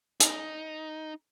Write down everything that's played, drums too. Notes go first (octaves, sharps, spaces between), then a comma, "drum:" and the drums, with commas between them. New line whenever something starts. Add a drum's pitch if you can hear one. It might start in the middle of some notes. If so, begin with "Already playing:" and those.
D#4, drum: hi-hat